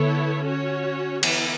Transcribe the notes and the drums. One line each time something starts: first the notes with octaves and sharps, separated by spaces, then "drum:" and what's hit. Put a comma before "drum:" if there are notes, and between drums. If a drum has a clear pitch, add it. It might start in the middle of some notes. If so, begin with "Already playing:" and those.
Already playing: D3 B3 E4 A4 C#5
C#4 F#4 C#5
E3 B3 E4, drum: cymbal